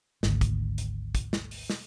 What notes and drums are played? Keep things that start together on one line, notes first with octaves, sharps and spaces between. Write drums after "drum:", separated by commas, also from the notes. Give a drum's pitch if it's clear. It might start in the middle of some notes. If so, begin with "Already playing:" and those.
G#1 D2, drum: snare
drum: kick, hi-hat
drum: hi-hat
drum: kick, hi-hat
drum: snare
drum: open hi-hat
drum: snare